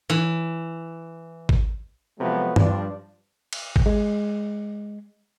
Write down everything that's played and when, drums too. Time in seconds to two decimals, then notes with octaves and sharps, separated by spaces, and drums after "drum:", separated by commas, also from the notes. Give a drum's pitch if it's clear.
0.10 E3
1.49 drum: kick G#1
2.19 C3 F3 F#3 G#3 A3 B3
2.56 G2 F3 D4, drum: tom
3.53 drum: cymbal
3.76 drum: kick G#1
3.86 G#3